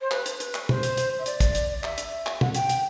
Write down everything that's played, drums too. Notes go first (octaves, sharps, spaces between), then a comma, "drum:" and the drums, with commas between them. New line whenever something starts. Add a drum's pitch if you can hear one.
C5
B4, drum: clap
drum: hi-hat
B4, drum: hi-hat
drum: clap
C5, drum: tom
drum: hi-hat
drum: hi-hat
E5
D5, drum: hi-hat
drum: kick, hi-hat
drum: hi-hat
D5
E5, drum: clap
drum: hi-hat
drum: clap
F#5, drum: tom
G5, drum: hi-hat
drum: hi-hat